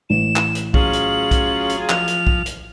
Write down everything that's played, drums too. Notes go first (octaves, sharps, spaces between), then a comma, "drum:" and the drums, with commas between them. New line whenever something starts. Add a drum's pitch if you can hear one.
A1 E7
drum: clap
drum: hi-hat
F#3 C#4 F4 G#4 F#7, drum: kick
drum: hi-hat
drum: kick, hi-hat
drum: hi-hat
F3 F7, drum: clap
drum: hi-hat
drum: kick
drum: hi-hat